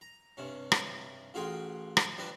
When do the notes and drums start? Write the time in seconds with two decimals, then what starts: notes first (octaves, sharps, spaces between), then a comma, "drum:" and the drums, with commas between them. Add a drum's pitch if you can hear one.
0.01 A#5
0.37 G2 C3 C#4
0.72 drum: rim click
1.34 A1 F4 F#4 G#4 G5 C6
1.97 drum: rim click
2.18 F3 G3 D4 B4 D5